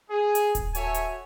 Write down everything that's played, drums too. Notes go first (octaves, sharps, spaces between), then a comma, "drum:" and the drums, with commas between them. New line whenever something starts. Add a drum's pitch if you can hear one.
G#4
drum: hi-hat
drum: kick D#1, hi-hat
F#4 A4 C#5 E5 G#5, drum: hi-hat
drum: hi-hat